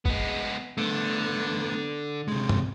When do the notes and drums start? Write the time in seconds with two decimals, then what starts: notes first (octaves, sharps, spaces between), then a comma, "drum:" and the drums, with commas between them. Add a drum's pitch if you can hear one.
0.05 G#3 B3, drum: kick G#1
0.78 D3 A3 B3
2.28 C3 G#3
2.49 drum: tom G2